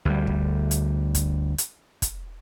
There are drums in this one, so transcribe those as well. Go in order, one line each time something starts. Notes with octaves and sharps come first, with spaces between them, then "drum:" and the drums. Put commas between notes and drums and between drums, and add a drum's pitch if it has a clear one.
D2 G3
drum: kick
drum: hi-hat
drum: kick, hi-hat
drum: hi-hat
drum: kick, hi-hat